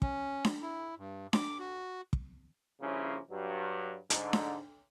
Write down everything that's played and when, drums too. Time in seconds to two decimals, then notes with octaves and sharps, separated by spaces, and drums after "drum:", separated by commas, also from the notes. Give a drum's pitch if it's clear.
0.02 C#4, drum: kick
0.45 drum: snare D4
0.62 E4
0.98 G2
1.33 D6, drum: snare D4
1.59 F#4
2.13 drum: kick
2.81 G2 C#3 F3 A#3 C#4 E4
3.30 G2 F#3
4.10 G#2 D3, drum: hi-hat
4.33 drum: snare D4